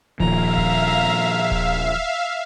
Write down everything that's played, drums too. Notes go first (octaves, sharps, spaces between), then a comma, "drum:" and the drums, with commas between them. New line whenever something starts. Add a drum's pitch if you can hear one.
A#2 D#3 F3 E5 F5 A#5, drum: kick D1
drum: kick D1
drum: kick D1